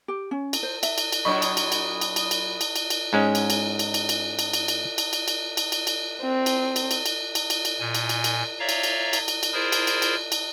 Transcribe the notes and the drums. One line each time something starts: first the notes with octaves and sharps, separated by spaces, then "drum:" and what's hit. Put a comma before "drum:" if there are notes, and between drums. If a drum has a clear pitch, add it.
G4
C#4
drum: cymbal
C5
E5, drum: cymbal
drum: cymbal
drum: cymbal
A#2 F#3 D4 C#5 D#5 B5 C#6 D#6
drum: cymbal
drum: cymbal
drum: cymbal
drum: cymbal
drum: cymbal
drum: cymbal
drum: cymbal
drum: cymbal
drum: cymbal
G#2 G#3 C#4
drum: cymbal
drum: cymbal
drum: cymbal
drum: cymbal
drum: cymbal
drum: cymbal
drum: cymbal
drum: cymbal
drum: cymbal
drum: cymbal
drum: cymbal
drum: cymbal
drum: cymbal
drum: cymbal
C4
drum: cymbal
drum: cymbal
drum: cymbal
drum: cymbal
drum: cymbal
drum: cymbal
drum: cymbal
A#2 G#5
drum: cymbal
drum: cymbal
drum: cymbal
C#5 D5 E5 F5 A#5
drum: cymbal
drum: cymbal
drum: cymbal
drum: cymbal
drum: cymbal
E4 F4 G#4 A#4 C5
drum: cymbal
drum: cymbal
drum: cymbal
drum: cymbal